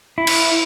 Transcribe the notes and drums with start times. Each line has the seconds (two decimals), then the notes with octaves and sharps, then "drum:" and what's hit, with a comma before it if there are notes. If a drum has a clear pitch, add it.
0.18 E4
0.27 drum: cymbal